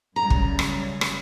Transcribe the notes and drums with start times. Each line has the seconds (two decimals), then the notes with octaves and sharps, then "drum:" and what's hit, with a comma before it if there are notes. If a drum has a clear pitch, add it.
0.16 F#2 C#3 G3 A#5
0.30 drum: kick
0.59 drum: rim click
1.01 drum: rim click